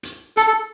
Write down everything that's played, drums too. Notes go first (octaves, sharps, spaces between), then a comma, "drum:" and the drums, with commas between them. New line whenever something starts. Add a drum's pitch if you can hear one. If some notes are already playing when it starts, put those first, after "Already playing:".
drum: hi-hat
A4, drum: hi-hat
A4